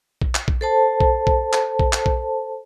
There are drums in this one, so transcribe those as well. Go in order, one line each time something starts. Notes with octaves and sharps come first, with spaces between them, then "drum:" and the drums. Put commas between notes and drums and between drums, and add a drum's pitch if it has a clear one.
drum: kick A#1
drum: clap
drum: kick A#1
A4 C5 A5
drum: kick A#1
drum: kick A#1
drum: clap
drum: kick A#1
drum: clap
drum: kick A#1